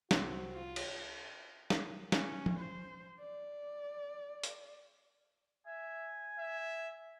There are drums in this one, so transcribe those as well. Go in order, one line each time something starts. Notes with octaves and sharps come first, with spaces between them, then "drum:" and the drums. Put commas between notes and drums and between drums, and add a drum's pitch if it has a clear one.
C2 C4 F#4 C6, drum: snare
F4
drum: cymbal
drum: snare
C#4, drum: snare
drum: tom
C5
D5
drum: hi-hat
E5 G#5
E5